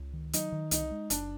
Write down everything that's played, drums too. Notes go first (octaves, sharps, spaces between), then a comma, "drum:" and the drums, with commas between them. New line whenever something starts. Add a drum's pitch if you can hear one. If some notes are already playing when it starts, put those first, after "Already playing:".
Already playing: C#2
D#3
F#3 D#4, drum: hi-hat
D#3
C2 D#4, drum: hi-hat
G#3
F#1 D4, drum: hi-hat